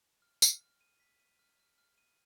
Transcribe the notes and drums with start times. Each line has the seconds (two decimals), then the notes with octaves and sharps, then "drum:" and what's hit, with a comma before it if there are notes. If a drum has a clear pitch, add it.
0.22 F6
0.42 F6, drum: tambourine
0.61 F6
0.81 D#7
1.00 B6
1.20 D#7
1.39 F6
1.59 F6
1.78 F6
1.98 D#7